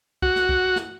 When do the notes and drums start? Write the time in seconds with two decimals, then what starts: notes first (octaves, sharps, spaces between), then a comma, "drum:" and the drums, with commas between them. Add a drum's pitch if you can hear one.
0.22 F#4, drum: kick
0.36 drum: snare
0.49 drum: kick
0.76 drum: snare